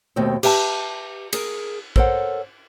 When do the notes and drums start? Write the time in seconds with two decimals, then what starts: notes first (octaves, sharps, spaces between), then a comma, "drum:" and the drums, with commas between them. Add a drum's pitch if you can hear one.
0.16 D#2 B2 A3 C4
0.43 G4 B4 E5 G5 A5, drum: cymbal
1.33 G#4 A#4, drum: cymbal
1.96 A4 A#4 C5 C#5 F#5, drum: kick